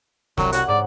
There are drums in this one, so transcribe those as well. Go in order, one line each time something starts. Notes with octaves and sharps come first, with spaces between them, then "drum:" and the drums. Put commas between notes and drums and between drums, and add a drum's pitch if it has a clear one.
C2 F#3, drum: snare
F#4 C#5 F#5, drum: hi-hat
G#2 D5